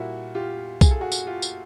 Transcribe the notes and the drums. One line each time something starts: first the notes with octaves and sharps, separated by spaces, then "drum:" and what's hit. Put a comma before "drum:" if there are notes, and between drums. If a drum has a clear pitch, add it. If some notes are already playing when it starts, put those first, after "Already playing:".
Already playing: A#2 G3 A#3 E4 F#4
F4 G4
G#4, drum: kick B1, tambourine
A4
F#4 G#4
drum: tambourine
F4 G4
drum: tambourine